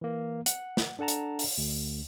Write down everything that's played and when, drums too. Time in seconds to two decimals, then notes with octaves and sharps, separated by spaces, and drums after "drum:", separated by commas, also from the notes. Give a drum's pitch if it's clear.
0.01 E3 A#3
0.46 F#5, drum: hi-hat
0.77 drum: snare
0.99 D4 A4 F#5 A5 A#5
1.08 drum: hi-hat
1.39 drum: open hi-hat
1.58 D2